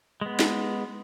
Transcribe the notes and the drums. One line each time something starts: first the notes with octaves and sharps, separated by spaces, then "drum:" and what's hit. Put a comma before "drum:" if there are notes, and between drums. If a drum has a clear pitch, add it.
G#3 B3
drum: snare